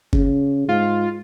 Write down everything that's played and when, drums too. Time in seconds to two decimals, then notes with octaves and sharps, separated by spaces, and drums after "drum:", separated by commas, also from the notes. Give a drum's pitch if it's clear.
0.13 C#3, drum: kick F#1
0.69 G#2 F4